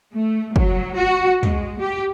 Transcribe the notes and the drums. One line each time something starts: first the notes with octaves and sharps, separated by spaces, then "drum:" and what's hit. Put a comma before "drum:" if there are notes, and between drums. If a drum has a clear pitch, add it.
A3
F#3, drum: kick
F#4
G#3, drum: tom
G4